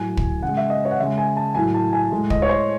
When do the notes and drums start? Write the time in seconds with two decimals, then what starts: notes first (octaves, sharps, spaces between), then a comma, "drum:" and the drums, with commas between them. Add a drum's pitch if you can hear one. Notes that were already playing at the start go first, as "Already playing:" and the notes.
Already playing: A2 F#3 G#5
0.17 drum: kick
0.43 C#3 G#3 F#5
0.57 E5
0.70 D#5
0.85 C#5
0.91 F#5
0.99 C#3 G#3 E5
1.18 G#5
1.37 A5
1.55 A2 F#3 G#5
1.74 A5
1.93 G#5
2.11 A2 G#3
2.30 D#5, drum: kick
2.42 C#5
2.49 C5